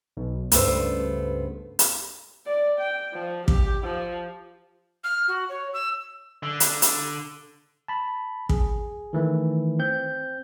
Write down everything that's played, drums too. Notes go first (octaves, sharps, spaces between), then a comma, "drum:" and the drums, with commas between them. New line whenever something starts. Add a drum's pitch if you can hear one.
B1
C#2 G2 A3 B3 C5, drum: hi-hat
drum: hi-hat
D5
G5
F3
G4, drum: kick
F3
F6
F#4
C#5
E6
D3
drum: hi-hat
drum: hi-hat
A5 B5
G#4, drum: kick
D#3 E3 A3
C4 G6